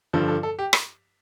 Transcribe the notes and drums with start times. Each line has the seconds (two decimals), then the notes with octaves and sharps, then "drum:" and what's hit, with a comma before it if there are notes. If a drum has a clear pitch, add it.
0.13 G2 D3 F3 A4
0.28 A4
0.43 A4
0.59 G4
0.73 drum: rim click